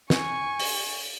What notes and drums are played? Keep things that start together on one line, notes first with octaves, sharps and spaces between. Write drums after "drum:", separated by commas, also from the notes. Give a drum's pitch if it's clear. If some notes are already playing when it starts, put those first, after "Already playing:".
G#5 C#6, drum: snare
drum: open hi-hat